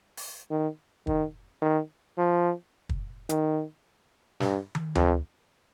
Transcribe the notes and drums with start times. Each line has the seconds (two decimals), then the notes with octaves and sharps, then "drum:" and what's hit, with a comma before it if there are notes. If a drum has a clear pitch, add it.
0.17 drum: open hi-hat
0.51 D#3
1.07 D#3, drum: kick
1.62 D#3
2.18 F3
2.89 drum: kick
3.29 D#3, drum: hi-hat
4.40 G2, drum: snare
4.75 drum: tom
4.95 F2, drum: tom D2